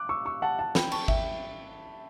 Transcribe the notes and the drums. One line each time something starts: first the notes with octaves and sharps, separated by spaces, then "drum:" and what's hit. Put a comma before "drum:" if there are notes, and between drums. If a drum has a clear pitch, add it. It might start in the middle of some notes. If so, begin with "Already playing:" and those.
Already playing: D6 F#6
C#6 E6
C#6 E6
F#5 A5
F#5 A5
G5 B5, drum: snare
A5 C#6, drum: cymbal
E5 G5, drum: kick G#1